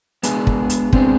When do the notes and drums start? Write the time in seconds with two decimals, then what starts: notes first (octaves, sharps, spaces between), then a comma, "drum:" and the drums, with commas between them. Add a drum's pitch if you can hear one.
0.23 G#3 B3 D4 G#4, drum: hi-hat
0.47 drum: kick
0.70 drum: hi-hat
0.93 G#3 B3 C4 D4 G#4, drum: kick